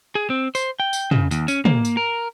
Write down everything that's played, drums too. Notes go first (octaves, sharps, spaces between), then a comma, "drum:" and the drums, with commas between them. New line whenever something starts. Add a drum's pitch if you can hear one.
G#4
C4
C5, drum: tambourine
G5
drum: tambourine
C#3, drum: tom
D#2, drum: tambourine
C#4, drum: tambourine
A#3, drum: tom
drum: tambourine
A#4